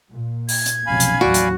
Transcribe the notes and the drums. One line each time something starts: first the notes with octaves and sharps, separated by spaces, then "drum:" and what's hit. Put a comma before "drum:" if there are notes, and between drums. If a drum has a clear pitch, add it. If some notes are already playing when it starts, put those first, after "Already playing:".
A#2
G#6, drum: open hi-hat
drum: hi-hat
F1 B1 C#4 F5 G#5 B5
drum: hi-hat
A1 D#2 F#3 F#4 D5
drum: hi-hat